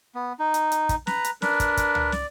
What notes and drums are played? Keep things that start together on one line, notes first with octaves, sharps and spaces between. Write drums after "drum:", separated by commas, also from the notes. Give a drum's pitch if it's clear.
B3
D#4
drum: hi-hat
drum: hi-hat
drum: kick, hi-hat
B4 A#5, drum: snare
drum: hi-hat
D4 A#4 B4, drum: snare
drum: kick, hi-hat
drum: kick, hi-hat
drum: tom
D5, drum: snare